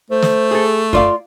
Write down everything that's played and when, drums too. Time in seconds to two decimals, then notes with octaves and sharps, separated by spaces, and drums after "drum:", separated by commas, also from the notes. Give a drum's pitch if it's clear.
0.10 A3 C5
0.22 drum: snare
0.51 G#4 A4
0.93 F4 D5 F5 C6, drum: kick F#2